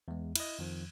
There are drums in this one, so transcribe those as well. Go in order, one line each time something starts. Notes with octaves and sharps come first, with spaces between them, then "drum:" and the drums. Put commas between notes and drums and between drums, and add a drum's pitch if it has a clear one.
E2 G#3
E4 D#5, drum: cymbal
F2 D#3 F3